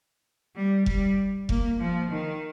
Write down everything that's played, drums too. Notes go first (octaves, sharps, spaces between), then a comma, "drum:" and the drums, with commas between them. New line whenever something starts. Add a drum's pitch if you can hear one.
G3
G3, drum: kick F1
A#3, drum: kick F1
F3
D#3